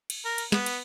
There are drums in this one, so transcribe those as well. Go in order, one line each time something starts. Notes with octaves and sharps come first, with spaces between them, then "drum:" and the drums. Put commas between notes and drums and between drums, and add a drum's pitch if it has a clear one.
drum: cymbal
A#4
drum: cymbal
B3, drum: snare
drum: cymbal